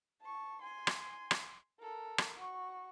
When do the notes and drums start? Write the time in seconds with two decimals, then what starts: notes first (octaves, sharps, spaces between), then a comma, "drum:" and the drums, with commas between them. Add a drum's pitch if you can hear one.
0.21 A5 C#6
0.62 G#5 C6
0.87 drum: rim click
1.31 drum: rim click
1.80 A4 A#4
2.18 drum: rim click
2.37 F#4 C#6